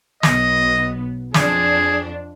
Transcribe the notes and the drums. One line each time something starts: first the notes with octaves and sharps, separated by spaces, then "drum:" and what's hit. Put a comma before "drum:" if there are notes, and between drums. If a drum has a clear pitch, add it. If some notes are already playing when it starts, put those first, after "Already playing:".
B1 B3 D#5, drum: snare
F2 D4 G#4, drum: snare